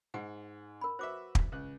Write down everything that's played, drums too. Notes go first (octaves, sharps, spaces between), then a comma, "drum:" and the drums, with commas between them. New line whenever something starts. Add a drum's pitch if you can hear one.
G#2 F#5 G#5
A#4 B5
F#4 B4 C5 E5 D6
drum: kick
C#2 F#6